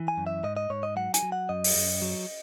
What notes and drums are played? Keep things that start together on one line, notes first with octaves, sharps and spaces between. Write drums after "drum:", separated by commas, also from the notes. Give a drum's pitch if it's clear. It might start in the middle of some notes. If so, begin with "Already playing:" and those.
Already playing: E3
G#5
F#2
E5
G#2 D#5
D#5
G#2 C#5
D#5
F#3 F#5
G#5, drum: hi-hat
F#3
F#5
F#2 D#5
drum: open hi-hat
F#2
F#3